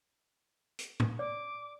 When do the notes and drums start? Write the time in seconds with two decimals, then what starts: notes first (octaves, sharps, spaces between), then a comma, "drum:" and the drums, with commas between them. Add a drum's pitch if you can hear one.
0.79 drum: hi-hat
1.00 drum: tom
1.19 D5 D6